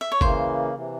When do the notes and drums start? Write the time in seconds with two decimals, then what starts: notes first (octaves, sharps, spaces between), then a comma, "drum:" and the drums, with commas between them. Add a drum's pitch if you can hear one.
0.01 E5
0.12 C#5
0.21 C#3 E3 A#3 C5, drum: kick
0.75 C3 E3